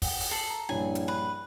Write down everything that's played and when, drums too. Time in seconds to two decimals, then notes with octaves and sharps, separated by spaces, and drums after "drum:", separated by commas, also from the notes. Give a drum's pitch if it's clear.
0.02 F#5 G5, drum: kick, open hi-hat
0.20 drum: open hi-hat
0.31 A4 C7 F#7
0.50 A#5
0.69 A#1 G2 E4 C#5 G#5
0.95 drum: hi-hat
1.08 B4